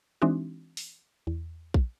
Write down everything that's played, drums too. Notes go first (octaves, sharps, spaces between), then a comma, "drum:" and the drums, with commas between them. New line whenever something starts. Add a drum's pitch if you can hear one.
E3 G#3 C4 D4 D#4 F#4
drum: open hi-hat
E2
drum: kick A#1